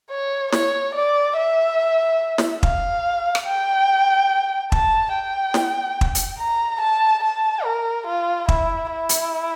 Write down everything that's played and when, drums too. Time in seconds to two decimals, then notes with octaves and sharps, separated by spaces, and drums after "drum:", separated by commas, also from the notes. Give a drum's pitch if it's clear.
0.10 C#5
0.52 C#5, drum: snare
0.95 D5
1.37 E5
2.38 drum: snare
2.63 F5, drum: kick
3.35 drum: rim click
3.46 G5
4.72 A5, drum: kick
5.13 G5
5.54 drum: snare
6.01 drum: kick
6.15 drum: hi-hat
6.39 A#5
6.81 A5
7.23 A5
7.64 A#4
8.07 F4
8.48 E4, drum: kick
8.91 E4
9.09 drum: hi-hat